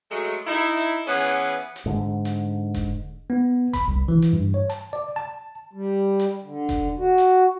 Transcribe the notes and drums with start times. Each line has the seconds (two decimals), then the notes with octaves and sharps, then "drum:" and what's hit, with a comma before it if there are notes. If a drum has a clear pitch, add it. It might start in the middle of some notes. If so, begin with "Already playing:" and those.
0.10 F#3 G#3 A3
0.47 D#4 E4
0.77 drum: hi-hat
1.07 E3 B3 C#4 G#4
1.26 drum: hi-hat
1.76 drum: hi-hat
1.86 G#2 D3
2.25 drum: hi-hat
2.74 drum: kick E1, hi-hat
3.30 B3
3.73 B5, drum: kick E1, hi-hat
3.88 C2
4.08 E3
4.22 drum: hi-hat
4.33 G2
4.54 C#5
4.70 A5, drum: hi-hat
4.93 D5
5.16 A5
5.73 G3
6.19 drum: hi-hat
6.44 D3
6.69 drum: kick E1, hi-hat
6.98 F#4
7.18 drum: hi-hat